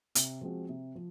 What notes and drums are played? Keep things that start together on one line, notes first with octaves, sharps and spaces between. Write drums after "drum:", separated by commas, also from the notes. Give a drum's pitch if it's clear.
C3, drum: hi-hat
F3 G#3 C4 F#4
C3
F3